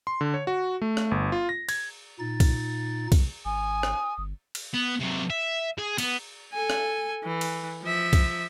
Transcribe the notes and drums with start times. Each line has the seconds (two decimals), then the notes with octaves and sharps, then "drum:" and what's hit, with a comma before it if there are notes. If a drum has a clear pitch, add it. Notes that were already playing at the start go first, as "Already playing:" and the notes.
0.07 C6
0.21 D3
0.34 C#5
0.47 F#4
0.82 A3
0.97 drum: rim click
1.11 G1
1.32 F4
1.49 A#6
1.69 G#6, drum: cymbal
2.19 A#2 D#4 A6
2.40 drum: kick, cymbal
3.12 drum: kick, cymbal
3.45 G#1 G#5 D#6
3.83 drum: rim click
4.18 G1
4.55 drum: cymbal
4.74 B3
5.00 C3 F#3
5.30 E5
5.78 G#4
5.98 B3, drum: cymbal
6.53 A4 G#5
6.70 drum: rim click
7.24 E3
7.41 drum: cymbal
7.83 F3 E5
8.13 drum: kick, cymbal